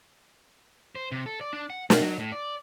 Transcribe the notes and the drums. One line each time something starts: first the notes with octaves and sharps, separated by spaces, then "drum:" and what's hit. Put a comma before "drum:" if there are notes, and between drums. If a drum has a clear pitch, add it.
C5
C3
A4
D5
D4
F#5
B2, drum: snare
F#3
A2
D5